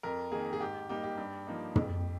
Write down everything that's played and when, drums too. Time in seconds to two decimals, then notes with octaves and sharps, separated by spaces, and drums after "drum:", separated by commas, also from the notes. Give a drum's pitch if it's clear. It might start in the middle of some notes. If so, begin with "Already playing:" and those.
0.03 F2 A#4
0.32 D#3 A#3 G#4
0.53 G#4
0.60 G#2 G4
0.89 G3 A#3 D#4 G4
1.04 G4
1.18 G2
1.47 F3 A#3 D#4
1.76 F2, drum: tom